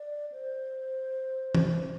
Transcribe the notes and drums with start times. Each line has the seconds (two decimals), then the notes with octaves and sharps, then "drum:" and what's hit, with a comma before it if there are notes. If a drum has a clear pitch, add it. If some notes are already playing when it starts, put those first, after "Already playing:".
Already playing: D5
0.32 C5
1.55 drum: tom E3